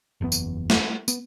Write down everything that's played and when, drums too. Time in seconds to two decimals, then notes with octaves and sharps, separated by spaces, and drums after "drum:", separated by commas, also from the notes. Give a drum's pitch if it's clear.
0.21 F#1 E2 A2 B3
0.32 drum: tambourine
0.70 drum: snare
1.08 B3, drum: tambourine